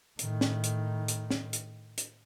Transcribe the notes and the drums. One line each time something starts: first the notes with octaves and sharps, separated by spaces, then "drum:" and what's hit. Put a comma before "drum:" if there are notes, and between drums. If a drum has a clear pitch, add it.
A2 D#3, drum: hi-hat
drum: snare
drum: hi-hat
drum: hi-hat
drum: snare
drum: hi-hat
drum: hi-hat